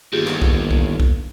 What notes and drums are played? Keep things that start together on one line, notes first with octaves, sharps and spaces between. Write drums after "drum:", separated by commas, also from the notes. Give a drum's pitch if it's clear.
G1 D#2 F4 G4 G#4
drum: clap
drum: kick
drum: kick
drum: kick